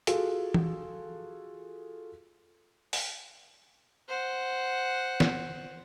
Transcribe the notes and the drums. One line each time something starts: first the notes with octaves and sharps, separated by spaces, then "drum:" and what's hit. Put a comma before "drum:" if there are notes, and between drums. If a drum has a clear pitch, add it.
F4 F#4 G#4 A4, drum: hi-hat
drum: tom E3
drum: open hi-hat
C5 F#5
drum: snare